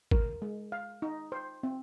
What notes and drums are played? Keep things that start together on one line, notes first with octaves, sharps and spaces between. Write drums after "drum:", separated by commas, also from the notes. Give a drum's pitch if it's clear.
A#4, drum: kick
G#3
F5
D#4
C5
C4